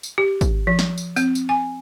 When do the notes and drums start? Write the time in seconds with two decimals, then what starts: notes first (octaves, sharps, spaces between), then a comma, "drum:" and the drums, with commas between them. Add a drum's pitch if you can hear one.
0.03 drum: tambourine
0.18 G4
0.41 drum: kick, tambourine
0.67 F3
0.79 drum: snare
0.98 drum: tambourine
1.16 C4, drum: tambourine
1.35 drum: tambourine
1.49 G#5